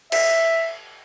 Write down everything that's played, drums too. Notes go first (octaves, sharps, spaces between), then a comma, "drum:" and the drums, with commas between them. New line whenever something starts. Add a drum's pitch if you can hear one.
E5, drum: cymbal